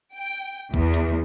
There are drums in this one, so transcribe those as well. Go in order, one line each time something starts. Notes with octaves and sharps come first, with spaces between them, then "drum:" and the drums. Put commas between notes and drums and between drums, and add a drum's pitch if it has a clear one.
G5
E2, drum: kick A#1
drum: hi-hat